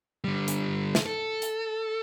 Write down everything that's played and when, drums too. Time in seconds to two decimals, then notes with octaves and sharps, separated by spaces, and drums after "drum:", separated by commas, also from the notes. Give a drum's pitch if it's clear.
0.24 D3 G3
0.48 drum: hi-hat
0.95 drum: snare
1.06 A4
1.42 drum: hi-hat